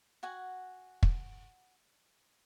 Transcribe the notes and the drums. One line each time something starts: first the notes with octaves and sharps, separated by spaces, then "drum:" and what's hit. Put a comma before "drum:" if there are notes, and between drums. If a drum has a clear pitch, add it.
F#4 F#5 G#5
drum: kick